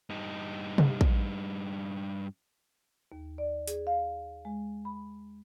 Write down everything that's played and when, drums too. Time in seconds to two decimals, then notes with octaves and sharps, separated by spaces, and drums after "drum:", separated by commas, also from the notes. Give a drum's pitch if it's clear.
0.10 G2 D#4
0.78 drum: tom C3
1.01 drum: kick
3.12 D#2
3.38 D5
3.67 G#4, drum: hi-hat
3.87 F5
4.45 G#3
4.85 B5